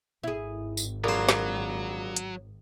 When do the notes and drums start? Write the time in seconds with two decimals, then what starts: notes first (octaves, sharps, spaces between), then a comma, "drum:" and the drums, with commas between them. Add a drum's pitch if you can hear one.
0.23 G#1 E4 G#4
0.77 drum: tambourine
1.04 A#1 F#3 A#4 C5
1.29 drum: snare
2.16 drum: hi-hat